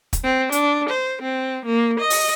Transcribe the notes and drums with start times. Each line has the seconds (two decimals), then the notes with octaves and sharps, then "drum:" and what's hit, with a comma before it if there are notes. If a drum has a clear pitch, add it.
0.13 drum: kick, hi-hat
0.24 C4
0.52 D4, drum: hi-hat
0.89 C5
1.22 C4
1.66 A#3
2.00 D#5
2.10 drum: open hi-hat